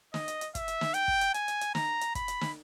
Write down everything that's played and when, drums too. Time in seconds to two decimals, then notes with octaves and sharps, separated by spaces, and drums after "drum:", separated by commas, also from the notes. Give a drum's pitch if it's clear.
0.14 D#5, drum: snare
0.28 drum: hi-hat
0.41 drum: hi-hat
0.55 E5, drum: kick, hi-hat
0.68 drum: hi-hat
0.81 drum: snare
0.94 G5, drum: hi-hat
1.08 drum: kick
1.21 drum: hi-hat
1.34 G#5, drum: hi-hat
1.48 drum: hi-hat
1.61 drum: hi-hat
1.75 A#5, drum: snare
2.01 drum: hi-hat
2.15 B5, drum: kick, hi-hat
2.28 drum: hi-hat
2.41 drum: snare